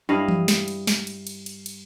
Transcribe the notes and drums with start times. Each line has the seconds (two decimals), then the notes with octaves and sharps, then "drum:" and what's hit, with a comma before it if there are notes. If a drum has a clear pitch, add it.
0.09 G2 E4 D#5 F5
0.28 drum: tom E3
0.48 drum: snare
0.68 drum: cymbal
0.87 drum: snare
1.07 drum: cymbal
1.27 drum: cymbal
1.46 drum: cymbal
1.66 drum: cymbal